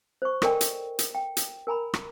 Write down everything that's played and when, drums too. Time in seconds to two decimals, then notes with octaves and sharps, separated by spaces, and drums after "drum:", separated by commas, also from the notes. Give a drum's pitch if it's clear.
0.22 C5 C#6
0.42 A4 A#4 D5 D#5 G5 G#5, drum: rim click
0.61 drum: hi-hat
0.99 drum: hi-hat
1.15 G5
1.37 drum: hi-hat
1.67 A#4 G#5 A#5 B5
1.94 drum: rim click